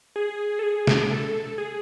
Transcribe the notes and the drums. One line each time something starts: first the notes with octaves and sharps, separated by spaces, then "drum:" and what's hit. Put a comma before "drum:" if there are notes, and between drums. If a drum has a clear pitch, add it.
G#4
A4
G#4
drum: snare
A4
G#4